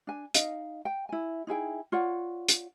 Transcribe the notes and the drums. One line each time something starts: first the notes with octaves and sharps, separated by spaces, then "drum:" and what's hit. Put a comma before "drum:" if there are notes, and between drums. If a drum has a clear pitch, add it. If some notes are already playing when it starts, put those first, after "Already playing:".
D4 G#5
D#4 D#5 F5, drum: hi-hat
G5
E4 G#5
D#4 E4 G#4 G5
F4 C#5 D5 F#5
drum: hi-hat